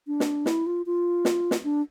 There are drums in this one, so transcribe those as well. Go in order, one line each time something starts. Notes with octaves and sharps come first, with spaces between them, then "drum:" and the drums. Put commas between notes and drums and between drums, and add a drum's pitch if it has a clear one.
D4
drum: snare
E4, drum: snare
F4
F4
drum: snare
drum: snare
D4